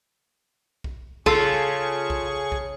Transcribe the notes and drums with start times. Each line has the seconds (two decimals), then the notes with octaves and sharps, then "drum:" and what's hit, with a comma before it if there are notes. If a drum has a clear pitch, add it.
0.84 drum: kick B1
1.26 C#3 F4 G#4 A4 C#6, drum: kick B1
2.10 drum: kick B1
2.52 drum: kick B1